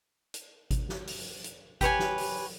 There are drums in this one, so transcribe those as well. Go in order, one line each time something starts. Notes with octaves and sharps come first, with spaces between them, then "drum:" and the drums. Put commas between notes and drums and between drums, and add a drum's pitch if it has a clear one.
drum: hi-hat
drum: kick G#1, hi-hat
drum: snare
drum: open hi-hat
drum: hi-hat
G4 B4 C#5 G#5, drum: kick G#1, hi-hat
drum: snare
drum: open hi-hat